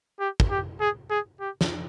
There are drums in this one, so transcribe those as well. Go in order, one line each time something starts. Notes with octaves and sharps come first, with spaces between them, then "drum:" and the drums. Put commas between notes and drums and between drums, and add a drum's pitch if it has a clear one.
G4
drum: kick
G4
G#4
G#4
G4
drum: snare